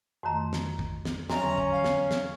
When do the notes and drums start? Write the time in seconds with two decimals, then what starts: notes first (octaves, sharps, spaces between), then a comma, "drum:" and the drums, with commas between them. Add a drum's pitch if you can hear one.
0.23 F2 D#3 A3 F#4 A#5
0.53 drum: snare
0.79 drum: kick
1.05 drum: snare
1.30 E2 D3 F#3 C#4 F#4 E5 A#5, drum: snare
1.58 drum: kick
1.71 F3 F5
1.84 drum: snare
2.11 drum: snare